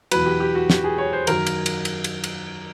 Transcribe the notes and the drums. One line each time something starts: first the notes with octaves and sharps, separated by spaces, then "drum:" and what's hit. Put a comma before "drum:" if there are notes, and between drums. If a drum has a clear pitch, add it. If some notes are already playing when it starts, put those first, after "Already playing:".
E2 B2 F#3 B4, drum: cymbal
G4
G4
F#4
G4, drum: snare
G#4
C#5
C5
F#2 D#3 F#3 A#4, drum: cymbal
drum: cymbal
drum: cymbal
drum: cymbal
drum: cymbal
drum: cymbal